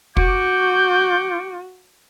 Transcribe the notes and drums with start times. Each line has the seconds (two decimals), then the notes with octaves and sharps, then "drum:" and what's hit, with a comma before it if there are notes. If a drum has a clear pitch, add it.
0.17 F#4 C#6 D6 G6, drum: kick